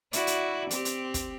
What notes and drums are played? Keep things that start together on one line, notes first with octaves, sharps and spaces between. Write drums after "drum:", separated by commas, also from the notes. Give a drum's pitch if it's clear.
E4 F#4 D5, drum: hi-hat
drum: hi-hat
C4 G4, drum: hi-hat
drum: hi-hat
drum: kick, hi-hat